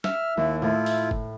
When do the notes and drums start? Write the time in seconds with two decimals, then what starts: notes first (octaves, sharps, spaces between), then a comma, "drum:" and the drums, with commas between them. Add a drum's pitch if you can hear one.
0.04 E5 F6, drum: snare
0.37 D#2 E4
0.62 A2 E4 F4
0.86 drum: open hi-hat
1.11 drum: kick